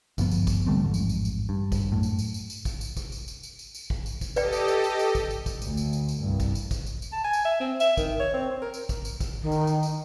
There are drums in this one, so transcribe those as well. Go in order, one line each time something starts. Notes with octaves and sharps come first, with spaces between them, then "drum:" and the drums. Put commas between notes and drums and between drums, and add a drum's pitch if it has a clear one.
D2 G2 F3 B3, drum: kick, tambourine
drum: tambourine
drum: kick, tambourine
D3 G3 A3 C4
A1 F2 G#2
drum: tambourine
drum: tambourine
drum: tambourine
G2
drum: kick, tambourine
F#2 A2
drum: tambourine
drum: tambourine
drum: tambourine
drum: tambourine
drum: kick, tambourine
drum: tambourine
drum: kick, tambourine
drum: tambourine
drum: tambourine
drum: tambourine
drum: tambourine
drum: tambourine
drum: kick
drum: tambourine
drum: kick, tambourine
G4 A4 B4 D5 D#5 G5, drum: tambourine
drum: tambourine
drum: tambourine
drum: tambourine
drum: tambourine
drum: kick, tambourine
drum: tambourine
drum: kick, tambourine
D2, drum: tambourine
drum: tambourine
drum: tambourine
drum: tambourine
C2 G2
drum: kick, tambourine
drum: tambourine
drum: kick, tambourine
drum: tambourine
drum: tambourine
A5
G#5
drum: tambourine
E5
C4
E5, drum: tambourine
D#3, drum: kick, tambourine
C#5
C4
C4
A#4
drum: tambourine
drum: kick, tambourine
drum: tambourine
drum: kick, tambourine
D#3
drum: tambourine
drum: tambourine
drum: tambourine